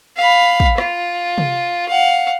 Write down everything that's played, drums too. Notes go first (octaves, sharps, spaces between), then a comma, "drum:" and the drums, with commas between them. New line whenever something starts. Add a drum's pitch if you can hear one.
F5 B5
drum: kick
F4, drum: rim click
drum: tom C3
F5 F#5